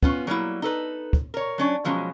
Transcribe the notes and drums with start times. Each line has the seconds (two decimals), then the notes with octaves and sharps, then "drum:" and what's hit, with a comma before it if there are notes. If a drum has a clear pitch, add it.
0.03 B3 C#4 F4, drum: kick
0.27 F#3 G3 A#3 E4
0.62 D#4 A4 B4
1.13 drum: kick
1.34 A#4 C#5
1.58 F#3 C#4 D4
1.85 B2 F3 F#3 G#3 C#4